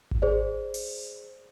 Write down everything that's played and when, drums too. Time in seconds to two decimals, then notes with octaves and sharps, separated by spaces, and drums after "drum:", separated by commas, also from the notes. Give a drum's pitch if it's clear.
0.11 drum: kick G#1
0.22 G#4 C5 D5
0.74 drum: open hi-hat